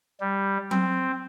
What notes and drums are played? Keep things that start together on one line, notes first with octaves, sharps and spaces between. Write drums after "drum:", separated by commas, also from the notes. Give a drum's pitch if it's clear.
G3
C4, drum: tom F#3